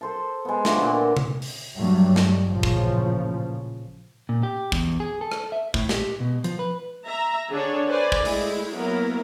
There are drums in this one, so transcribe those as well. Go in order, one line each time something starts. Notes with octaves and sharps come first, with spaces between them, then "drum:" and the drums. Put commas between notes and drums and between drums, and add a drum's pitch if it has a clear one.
A4 C5 A5
G#3 B3
D3 F3 A3 G4, drum: snare
A#2 D3
drum: tom C3
drum: open hi-hat
G2 F#3 G3 A3
drum: snare
A1 A#2 C#3 F3
drum: kick
A#2
G4
E2, drum: kick
G#4
A4
drum: rim click
E5
A2, drum: kick
G4, drum: snare
B2
F3, drum: hi-hat
B4
E5 A#5
D3 D4 G#4 A4 C#5
B4 C5 D5 G#5
drum: kick
G#3 A3 E4, drum: open hi-hat
F#3 A#3 B3 E4 A#4